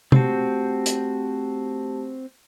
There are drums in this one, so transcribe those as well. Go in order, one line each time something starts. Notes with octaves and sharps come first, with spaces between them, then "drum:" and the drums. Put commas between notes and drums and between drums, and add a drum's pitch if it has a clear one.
A3 C4 F#4 G4 A5, drum: tom
drum: hi-hat